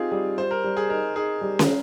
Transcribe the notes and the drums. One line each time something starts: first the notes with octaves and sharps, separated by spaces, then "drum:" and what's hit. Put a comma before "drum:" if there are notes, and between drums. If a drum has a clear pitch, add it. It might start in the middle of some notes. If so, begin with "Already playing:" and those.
Already playing: C4 D#4 F4 G4 G#4
G3 G#4
G3 C5
A#4
G3
G#4
D#4 A#4
D#4 G#4
G3
drum: snare C#4